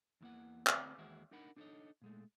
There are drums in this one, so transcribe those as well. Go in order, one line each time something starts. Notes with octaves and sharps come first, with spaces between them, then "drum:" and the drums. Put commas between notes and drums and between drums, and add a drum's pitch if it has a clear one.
E2 C#3 E3 A#3 F#5
D2 C4 B5, drum: clap
D#2 E3 G#3 E4 F#4
D4 D#4 A#4 F#5 B5
D4 D#4 A4 B4 C#5 D#5
A#2 G#3 A3